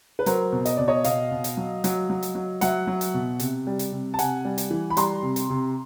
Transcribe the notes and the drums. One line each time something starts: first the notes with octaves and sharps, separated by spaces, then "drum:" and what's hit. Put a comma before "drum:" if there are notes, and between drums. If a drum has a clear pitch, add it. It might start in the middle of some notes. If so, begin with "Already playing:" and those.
B4
F#3 A#4 C5, drum: hi-hat
B2
D#5, drum: hi-hat
B2 D5
C#5 D#5
B2 D#5 F5, drum: hi-hat
B2
drum: hi-hat
F#3
F#3, drum: hi-hat
F#3
drum: hi-hat
F#3
F#3 E5 F#5, drum: hi-hat
F#3
drum: hi-hat
B2
C3, drum: hi-hat
G3
drum: hi-hat
C3
A5
C3 F#5 G#5, drum: hi-hat
G3
drum: hi-hat
E3
B5
G3 A#5 C6, drum: hi-hat
C3
drum: hi-hat
C3